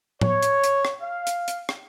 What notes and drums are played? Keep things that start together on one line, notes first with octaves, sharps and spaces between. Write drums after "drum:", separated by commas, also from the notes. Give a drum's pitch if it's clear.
C#5, drum: tom A2
drum: hi-hat
drum: hi-hat
drum: rim click
F5
drum: hi-hat
drum: hi-hat
drum: rim click